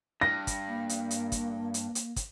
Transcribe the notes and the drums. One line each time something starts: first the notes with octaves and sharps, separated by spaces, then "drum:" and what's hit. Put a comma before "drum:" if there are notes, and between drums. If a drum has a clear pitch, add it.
G2 A#6
drum: kick, hi-hat
A#3
drum: hi-hat
drum: hi-hat
drum: kick, hi-hat
drum: hi-hat
drum: hi-hat
drum: kick, hi-hat